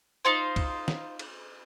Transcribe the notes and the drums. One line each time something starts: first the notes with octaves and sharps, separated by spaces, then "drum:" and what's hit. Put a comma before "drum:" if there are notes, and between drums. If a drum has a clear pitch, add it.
D#4 F4 C5
drum: kick, cymbal
drum: snare
drum: cymbal